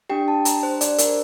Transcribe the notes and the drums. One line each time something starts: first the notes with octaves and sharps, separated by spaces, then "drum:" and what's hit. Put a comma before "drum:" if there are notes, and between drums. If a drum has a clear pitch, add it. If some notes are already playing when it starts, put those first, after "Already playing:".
D4 G4 G5
A5
A#5, drum: hi-hat
C5
D5, drum: hi-hat
A#4, drum: hi-hat